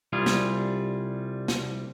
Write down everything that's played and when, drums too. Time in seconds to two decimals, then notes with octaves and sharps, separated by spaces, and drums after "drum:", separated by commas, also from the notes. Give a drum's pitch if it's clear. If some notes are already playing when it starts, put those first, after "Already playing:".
0.13 C2 G3 F4 G#4
0.26 drum: snare
1.48 drum: snare